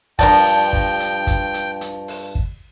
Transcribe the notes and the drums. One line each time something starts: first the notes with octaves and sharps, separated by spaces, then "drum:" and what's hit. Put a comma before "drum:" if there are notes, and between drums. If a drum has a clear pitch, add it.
G2 F3 A#4 D5 G5 A5, drum: kick, hi-hat
drum: hi-hat
drum: kick
drum: hi-hat
drum: kick, hi-hat
drum: hi-hat
drum: hi-hat
drum: open hi-hat
drum: kick